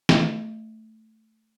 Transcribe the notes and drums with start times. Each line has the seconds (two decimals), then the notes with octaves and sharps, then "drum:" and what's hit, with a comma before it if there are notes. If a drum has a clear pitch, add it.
0.09 A3 D#5, drum: snare